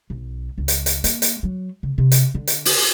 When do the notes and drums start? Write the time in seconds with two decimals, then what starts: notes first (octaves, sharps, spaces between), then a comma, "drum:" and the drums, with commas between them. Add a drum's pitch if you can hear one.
0.10 B1
0.58 C#2
0.68 drum: hi-hat
0.86 drum: hi-hat
1.04 A#3, drum: hi-hat
1.22 drum: hi-hat
1.43 F#3
1.83 C#3
1.98 C3
2.12 drum: hi-hat
2.35 D3
2.47 drum: hi-hat
2.65 drum: open hi-hat